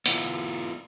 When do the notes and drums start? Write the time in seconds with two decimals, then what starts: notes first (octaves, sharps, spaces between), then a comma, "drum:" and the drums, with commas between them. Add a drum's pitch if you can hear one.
0.06 B3 E4 F4, drum: hi-hat